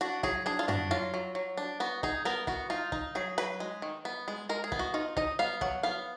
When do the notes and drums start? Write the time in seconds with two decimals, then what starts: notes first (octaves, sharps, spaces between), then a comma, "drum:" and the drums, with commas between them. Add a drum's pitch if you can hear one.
0.01 D4 F#4
0.23 F#3 G#4, drum: kick
0.46 D4 G#4
0.59 F4
0.68 D4 F#4, drum: tom
0.91 F#3 F4
1.14 F#3
1.35 F#3
1.57 D4
1.80 B3 F#4
2.03 D#4 G#4, drum: kick
2.25 B3 A#4
2.47 B3 F#4, drum: kick
2.70 D#4 F4
2.92 D#4, drum: kick
3.15 F#3 G#4
3.38 F#3 B4
3.60 G#3
3.82 D#3
4.05 B3
4.28 G#3
4.49 G#3 A#4
4.64 G#4
4.72 B3, drum: kick
4.79 F#4
4.94 D#4 F4
5.17 D#4 D#5, drum: kick
5.39 B3 F5
5.61 F#3 F#5, drum: kick
5.83 B3 F5